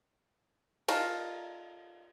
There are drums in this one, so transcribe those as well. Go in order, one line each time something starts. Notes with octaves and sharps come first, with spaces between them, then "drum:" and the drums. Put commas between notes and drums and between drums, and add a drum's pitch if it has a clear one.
D#4 F4 A4, drum: cymbal